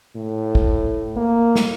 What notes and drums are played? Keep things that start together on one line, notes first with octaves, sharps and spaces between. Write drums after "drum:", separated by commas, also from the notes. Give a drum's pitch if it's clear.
A2
drum: kick
A#3
drum: snare